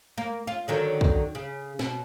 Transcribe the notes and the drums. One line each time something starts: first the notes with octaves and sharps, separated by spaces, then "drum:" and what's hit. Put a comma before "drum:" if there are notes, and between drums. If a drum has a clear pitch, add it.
A#3
F4
D3 D#3 F#3
drum: kick
C#3
B2, drum: snare